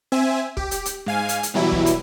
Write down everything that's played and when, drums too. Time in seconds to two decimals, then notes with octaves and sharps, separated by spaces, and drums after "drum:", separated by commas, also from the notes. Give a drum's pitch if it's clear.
0.12 C4 E5 G#5
0.57 G4, drum: kick
0.71 drum: hi-hat
0.86 drum: hi-hat
1.06 G#2 F5 G#5
1.29 drum: hi-hat
1.43 drum: hi-hat
1.54 B2 E3 F#3 G3 E4
1.72 drum: kick
1.86 drum: hi-hat